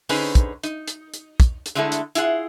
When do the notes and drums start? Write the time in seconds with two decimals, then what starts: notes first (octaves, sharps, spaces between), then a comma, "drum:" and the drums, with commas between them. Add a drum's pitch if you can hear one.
0.09 D3 C#4 D#4 G#4 B4 C5, drum: open hi-hat
0.35 drum: kick, hi-hat
0.63 D#4, drum: hi-hat
0.88 drum: hi-hat
1.14 drum: hi-hat
1.40 drum: kick, hi-hat
1.66 drum: hi-hat
1.75 D3 G#3 A3 E4 G#4 A4
1.92 drum: hi-hat
2.15 E4 F4 G#4 F#5, drum: hi-hat